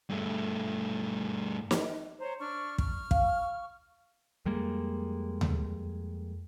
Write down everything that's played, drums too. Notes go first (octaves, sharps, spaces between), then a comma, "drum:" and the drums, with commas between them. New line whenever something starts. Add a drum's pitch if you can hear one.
G2 A3
drum: snare
C5 C#5 A#5
D4 C#6 F6
C#6 F6, drum: kick
F5, drum: kick
F2 G3 G#3 A#3
drum: tom D#2